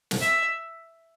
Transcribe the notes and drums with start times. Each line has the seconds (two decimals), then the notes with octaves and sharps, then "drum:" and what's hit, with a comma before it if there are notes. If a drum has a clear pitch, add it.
0.11 drum: snare
0.21 E5